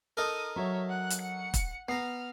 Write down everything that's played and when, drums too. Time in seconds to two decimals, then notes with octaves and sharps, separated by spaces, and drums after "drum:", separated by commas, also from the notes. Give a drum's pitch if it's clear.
0.17 D#4 A4 A#4 D#6
0.56 F#3 C#5 E5
0.89 F#5 F#6
1.10 drum: hi-hat
1.20 F#5 C#7
1.54 drum: kick, hi-hat
1.88 B3 A#5 F6 C7